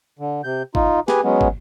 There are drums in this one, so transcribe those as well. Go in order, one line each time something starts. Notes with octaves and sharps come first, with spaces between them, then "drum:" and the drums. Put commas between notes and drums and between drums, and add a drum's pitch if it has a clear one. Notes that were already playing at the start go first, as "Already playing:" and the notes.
D3
C3 G6
D#4 F4, drum: kick
G4 G#4 B4 G#5, drum: snare
F#3 G#3 B3 C#4
drum: kick